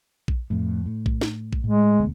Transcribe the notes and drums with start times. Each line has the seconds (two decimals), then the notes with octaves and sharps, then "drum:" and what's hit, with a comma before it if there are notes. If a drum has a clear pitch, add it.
0.28 drum: kick A#1
0.50 F2 A2
0.86 A2
1.06 drum: kick A#1
1.21 drum: snare
1.53 drum: kick A#1
1.64 A2 G#3
1.99 E1 D2 B3